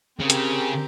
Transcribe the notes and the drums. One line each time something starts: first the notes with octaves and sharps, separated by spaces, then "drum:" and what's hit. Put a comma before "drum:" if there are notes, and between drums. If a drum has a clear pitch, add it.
C#3 C4 G4 A#4
drum: hi-hat